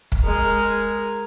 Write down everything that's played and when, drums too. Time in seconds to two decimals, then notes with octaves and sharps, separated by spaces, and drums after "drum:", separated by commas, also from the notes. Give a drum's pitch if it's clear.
0.12 drum: kick
0.24 G#3 A#4